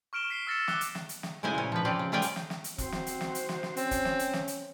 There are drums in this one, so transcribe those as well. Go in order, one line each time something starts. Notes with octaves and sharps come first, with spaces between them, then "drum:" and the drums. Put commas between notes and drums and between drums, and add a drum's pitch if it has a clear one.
C#6 F6 D7 E7 G7
B6 C7 D7 G7
E6 F6 A6 A#6 C#7 E7
D6 F#6 G7, drum: snare
drum: hi-hat
drum: snare
drum: hi-hat
drum: snare
C#3 G#3 E4 C5 G#5
A#2 C#4
F3 B4
C4 C#4 F4 D5
C#3
G3 F4 G#4 D5 G5 G#5
drum: hi-hat
drum: snare
drum: snare
drum: hi-hat
C4 F#4 C5, drum: kick E1, hi-hat
drum: snare
drum: hi-hat
drum: snare
drum: hi-hat
drum: snare
drum: snare
C4 C#4, drum: hi-hat
drum: kick E1, hi-hat
drum: snare
drum: hi-hat
drum: snare
drum: hi-hat